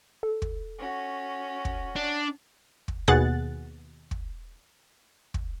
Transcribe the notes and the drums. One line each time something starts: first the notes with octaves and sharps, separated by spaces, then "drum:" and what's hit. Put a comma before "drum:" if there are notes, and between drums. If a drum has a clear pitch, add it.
A4
drum: kick
C#4 F#4
drum: kick
D4
drum: kick
D#2 B2 G#4 F#5 F#6 A6
drum: kick
drum: kick